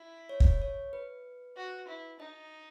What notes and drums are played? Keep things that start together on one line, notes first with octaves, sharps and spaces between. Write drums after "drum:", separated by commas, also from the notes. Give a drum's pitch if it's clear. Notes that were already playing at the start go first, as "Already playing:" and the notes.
Already playing: E4
C#5
drum: kick
C#5
B4
F#4
E4
D#4 D#5